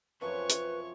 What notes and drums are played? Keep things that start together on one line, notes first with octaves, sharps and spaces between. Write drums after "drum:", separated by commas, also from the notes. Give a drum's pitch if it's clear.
F#2 C3 F3 B4 C#5 C#6
drum: hi-hat